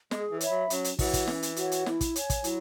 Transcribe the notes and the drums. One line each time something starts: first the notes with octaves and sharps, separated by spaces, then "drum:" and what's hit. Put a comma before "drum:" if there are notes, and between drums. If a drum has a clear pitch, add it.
G#3 G#4, drum: snare
E3
C#5 E5 B5, drum: hi-hat
F#3
F#3 C#4, drum: hi-hat
drum: hi-hat
E3 F#4 C#5 F#5, drum: kick, open hi-hat
drum: kick, hi-hat
C#4, drum: snare
drum: hi-hat
F#4 C#5 F#5, drum: hi-hat
drum: hi-hat
E4, drum: snare
drum: kick, hi-hat
C#5 G#5, drum: hi-hat
drum: kick, hi-hat
F#3 E4, drum: hi-hat